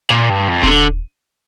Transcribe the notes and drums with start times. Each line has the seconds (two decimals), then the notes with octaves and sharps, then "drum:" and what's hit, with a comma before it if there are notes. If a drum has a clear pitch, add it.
0.10 A#2
0.30 G2
0.48 F2
0.63 C3, drum: kick D#1
0.67 D3